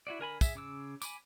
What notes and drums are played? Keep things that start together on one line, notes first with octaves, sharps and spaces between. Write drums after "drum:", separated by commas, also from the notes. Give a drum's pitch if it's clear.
E4 F#4 D5
D3 A#4 G#5 B5
G#4 E5, drum: kick, tambourine
C#3 D6 E6
G#5 B5 D6, drum: tambourine